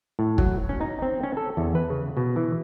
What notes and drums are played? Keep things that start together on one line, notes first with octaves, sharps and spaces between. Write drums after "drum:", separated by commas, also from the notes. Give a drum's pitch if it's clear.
A2
F#3, drum: kick
C#4
D#4
C4
C#4
A4
E2
B4
C#3
B2
E3